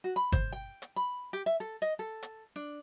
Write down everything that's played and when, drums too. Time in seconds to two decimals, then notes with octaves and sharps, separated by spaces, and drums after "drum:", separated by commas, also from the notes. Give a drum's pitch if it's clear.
0.04 F#4
0.16 B5
0.32 C5, drum: kick G1, hi-hat
0.52 G5
0.82 drum: hi-hat
0.96 B5
1.33 G4
1.46 E5
1.60 A4
1.82 D#5
1.99 A4
2.23 drum: hi-hat
2.56 D4